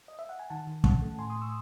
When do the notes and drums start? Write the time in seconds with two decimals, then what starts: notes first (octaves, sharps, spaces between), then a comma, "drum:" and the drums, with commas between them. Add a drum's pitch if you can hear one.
0.08 D#5
0.19 E5
0.29 F#5
0.39 G#5
0.50 D#3 F#5 A5
0.67 D#3
0.84 C#4 F#5 A5, drum: kick
1.02 A3
1.18 A2 G#5 C6
1.30 C6 D#6
1.36 A2
1.41 C#6 E6